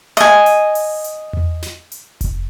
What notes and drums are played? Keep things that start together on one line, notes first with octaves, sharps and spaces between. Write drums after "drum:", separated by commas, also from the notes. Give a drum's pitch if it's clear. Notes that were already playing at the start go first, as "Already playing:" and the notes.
D#5 G#5, drum: hi-hat
drum: hi-hat
drum: open hi-hat
drum: hi-hat
drum: tom E2
drum: snare
drum: hi-hat
drum: kick F1, hi-hat